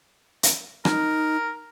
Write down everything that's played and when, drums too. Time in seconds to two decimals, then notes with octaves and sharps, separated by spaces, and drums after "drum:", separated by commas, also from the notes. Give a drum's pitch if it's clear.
0.43 drum: hi-hat
0.85 D#4 A#4, drum: rim click